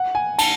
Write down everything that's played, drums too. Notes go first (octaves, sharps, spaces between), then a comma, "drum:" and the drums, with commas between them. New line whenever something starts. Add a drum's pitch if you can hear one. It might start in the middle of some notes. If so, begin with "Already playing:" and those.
Already playing: F#5
G#5
A5, drum: cymbal